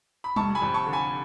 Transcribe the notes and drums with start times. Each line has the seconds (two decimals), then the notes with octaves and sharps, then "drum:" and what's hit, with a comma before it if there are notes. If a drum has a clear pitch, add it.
0.24 B5
0.36 F1 A5 C#6, drum: tom G3
0.55 G#5 B5
0.62 F2
0.74 A5 C#6
0.87 D3
0.93 G#5 B5